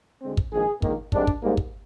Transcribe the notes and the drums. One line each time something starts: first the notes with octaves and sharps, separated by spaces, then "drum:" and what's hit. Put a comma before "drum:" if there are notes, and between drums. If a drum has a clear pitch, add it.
D2 D3 G#3 C4
drum: kick
A#1 G#2 D#3 G#4
A#1 G#2 D#3 A#3, drum: kick
G#2 D#3 G3 C4 D4, drum: kick
drum: kick
G#2 G3 A#3
drum: kick